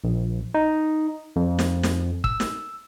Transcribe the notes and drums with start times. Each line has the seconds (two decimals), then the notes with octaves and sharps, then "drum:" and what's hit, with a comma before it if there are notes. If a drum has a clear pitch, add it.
0.04 A#1
0.54 D#4
1.36 F2
1.59 drum: snare
1.83 drum: snare
2.24 E6, drum: kick
2.40 drum: snare